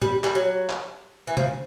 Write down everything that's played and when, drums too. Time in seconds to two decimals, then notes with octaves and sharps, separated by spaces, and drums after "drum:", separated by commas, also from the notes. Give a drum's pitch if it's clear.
0.02 G3, drum: tom
0.24 G3, drum: clap
0.35 F#3
0.69 drum: clap
1.27 E3
1.37 F3, drum: tom C3